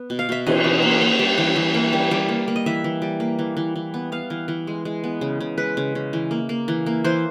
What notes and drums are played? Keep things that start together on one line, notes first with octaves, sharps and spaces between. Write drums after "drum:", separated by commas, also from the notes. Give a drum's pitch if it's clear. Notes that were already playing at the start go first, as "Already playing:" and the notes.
Already playing: B3
B2
F5
B2 E5
E3 D#5, drum: cymbal
E3
A#3
A#3
G3
E3
E3
A#3
G3
G3
A#3
A#3
D#5
E3 E5
E3
G3
A#3
E3
E3
E3
B3
B3 F5
E3
E3
G#3
G#3
B3
C#3
C#3
G#3 B4
C#3
C#3
E3
A#3
A#3
E3
A#3
E3 C5